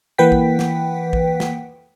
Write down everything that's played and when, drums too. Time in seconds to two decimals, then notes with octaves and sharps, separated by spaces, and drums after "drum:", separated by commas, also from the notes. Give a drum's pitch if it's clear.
0.18 E3 A#3 B4 F#5 G5 B6
0.32 drum: kick A#1
0.59 drum: snare
1.13 drum: kick A#1
1.40 drum: snare